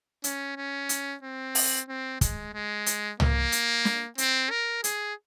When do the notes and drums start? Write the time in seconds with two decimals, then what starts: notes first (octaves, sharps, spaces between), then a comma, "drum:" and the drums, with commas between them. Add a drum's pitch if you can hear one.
0.24 C#4, drum: hi-hat
0.57 C#4
0.89 drum: hi-hat
1.23 C4
1.55 drum: open hi-hat
1.88 C4
2.21 G#3, drum: kick, hi-hat
2.53 G#3
2.86 drum: hi-hat
3.20 A#3, drum: tom
3.52 drum: hi-hat
3.85 drum: snare
4.18 C4, drum: hi-hat
4.50 A#4
4.84 G#4, drum: hi-hat